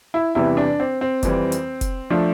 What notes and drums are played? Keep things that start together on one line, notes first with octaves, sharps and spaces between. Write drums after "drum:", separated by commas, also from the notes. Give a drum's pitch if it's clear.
E4
E2 C3 E3 G3 E4
D4
C4
C4
F2 E3 G3, drum: kick F1, hi-hat
drum: hi-hat
drum: kick F1, hi-hat
F3 A3 D4